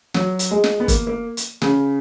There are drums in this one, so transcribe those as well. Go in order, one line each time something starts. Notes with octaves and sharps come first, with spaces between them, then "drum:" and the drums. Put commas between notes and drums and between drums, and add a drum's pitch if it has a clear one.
F#3, drum: snare
drum: hi-hat
G#3
drum: snare
B3
A#3, drum: kick, hi-hat
A#3
drum: hi-hat
C#3, drum: snare